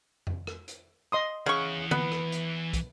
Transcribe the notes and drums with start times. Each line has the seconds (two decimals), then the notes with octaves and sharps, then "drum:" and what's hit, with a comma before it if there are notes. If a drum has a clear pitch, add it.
0.27 drum: tom F2
0.47 drum: rim click
0.68 drum: hi-hat
1.12 D#5 C6 D#6
1.46 C#3 E3 F#5 C#6
1.91 B3, drum: tom D3
2.12 drum: rim click
2.32 drum: hi-hat
2.73 drum: kick, hi-hat